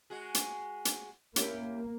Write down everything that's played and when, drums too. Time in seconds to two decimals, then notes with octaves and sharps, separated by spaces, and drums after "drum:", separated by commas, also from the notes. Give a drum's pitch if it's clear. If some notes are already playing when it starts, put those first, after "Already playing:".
0.10 G#3 F#4 G#4
0.34 drum: hi-hat
0.85 drum: hi-hat
1.36 A#3 C#4 E4 G4, drum: hi-hat